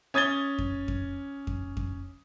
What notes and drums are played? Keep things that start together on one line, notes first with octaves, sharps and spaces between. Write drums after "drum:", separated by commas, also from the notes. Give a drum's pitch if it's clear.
C#4 D#6 G#6 A6 G7
drum: kick F2
drum: kick F2
drum: kick F2
drum: kick F2